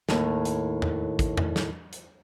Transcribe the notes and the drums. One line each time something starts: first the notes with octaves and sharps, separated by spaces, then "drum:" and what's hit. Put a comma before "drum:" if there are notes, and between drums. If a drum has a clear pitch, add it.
D#2 A2, drum: snare
drum: hi-hat
drum: tom E2
drum: kick, hi-hat
drum: tom E2
drum: snare
drum: hi-hat